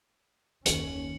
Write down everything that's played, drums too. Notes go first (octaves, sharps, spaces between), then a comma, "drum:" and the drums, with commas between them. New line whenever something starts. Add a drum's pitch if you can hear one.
F#1 D#2 D#3 C#4 C#7 F#7, drum: hi-hat